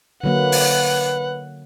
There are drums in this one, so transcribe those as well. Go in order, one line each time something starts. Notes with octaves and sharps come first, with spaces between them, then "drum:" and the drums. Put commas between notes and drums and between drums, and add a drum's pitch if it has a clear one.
D3 F#3 A#3 B4 F#5
drum: open hi-hat